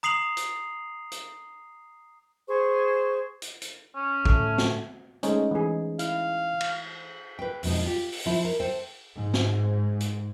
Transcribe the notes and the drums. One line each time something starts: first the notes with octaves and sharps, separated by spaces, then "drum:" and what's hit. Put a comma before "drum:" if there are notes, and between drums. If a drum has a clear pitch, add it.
A#5 D#6 C7 F7 F#7
drum: hi-hat
drum: hi-hat
G#4 C5 C#6
drum: hi-hat
drum: hi-hat
C#4
A2 A3, drum: kick
drum: snare
G#3 A3 C#4 D#4 C5, drum: hi-hat
E3 G#4
E4 F5, drum: hi-hat
drum: cymbal
B4 G5
F2 B2 G#3 D#4, drum: open hi-hat
F4 G4
drum: open hi-hat
F3 E4
A#4
A4 C5 G5
G#2
drum: snare
drum: hi-hat